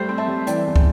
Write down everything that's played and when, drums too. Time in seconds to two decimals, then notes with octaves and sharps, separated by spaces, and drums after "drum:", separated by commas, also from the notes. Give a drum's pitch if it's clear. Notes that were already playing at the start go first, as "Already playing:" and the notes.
Already playing: G3 A3 C5
0.09 C4
0.18 E5 A5
0.28 G3
0.47 E3 D5 G5, drum: hi-hat
0.67 E2
0.76 drum: kick